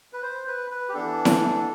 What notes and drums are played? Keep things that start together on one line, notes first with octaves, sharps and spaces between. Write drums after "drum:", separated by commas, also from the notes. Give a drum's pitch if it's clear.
B4
C5
B4
B4
G4
E3 B3 D4 A4
drum: snare E4